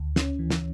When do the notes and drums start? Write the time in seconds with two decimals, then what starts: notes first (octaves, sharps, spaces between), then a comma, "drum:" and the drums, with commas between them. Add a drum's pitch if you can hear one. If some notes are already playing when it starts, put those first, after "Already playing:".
Already playing: D2
0.16 C#4, drum: snare
0.39 E3
0.50 drum: snare